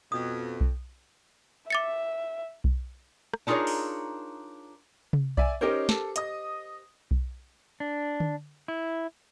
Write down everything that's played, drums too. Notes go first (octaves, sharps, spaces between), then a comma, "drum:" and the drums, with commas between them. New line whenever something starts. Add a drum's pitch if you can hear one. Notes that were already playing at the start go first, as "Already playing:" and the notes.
F2 B2 D#6
drum: kick B1
E5 D6 A6 C#7
drum: kick B1
drum: rim click
D4 D#4 F4 G#4 A#4 C#5
drum: open hi-hat
drum: tom C3
D5 E5 G#5, drum: kick B1
C#4 D#4 G4 A#4 C5 C#5
A4, drum: snare
D#5 D#6, drum: hi-hat
drum: kick B1
D4
drum: tom D3
E4